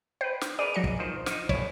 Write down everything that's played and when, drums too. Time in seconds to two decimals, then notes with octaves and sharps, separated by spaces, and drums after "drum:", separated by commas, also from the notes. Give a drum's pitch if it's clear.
0.21 B4 C5 G5
0.41 drum: snare
0.59 G#4 A#4 B4 D5
0.74 F#3 D#5 C#7
0.84 drum: kick
0.99 D#3 F3 C5
1.26 F3 D#4, drum: snare
1.49 A1 E4 C#5, drum: kick